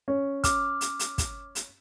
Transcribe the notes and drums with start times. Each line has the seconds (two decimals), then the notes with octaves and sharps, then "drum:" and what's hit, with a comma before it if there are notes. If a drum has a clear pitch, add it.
0.08 C#4
0.44 D6 F6, drum: kick, hi-hat
0.81 drum: hi-hat
0.99 drum: hi-hat
1.18 drum: kick, hi-hat
1.55 drum: hi-hat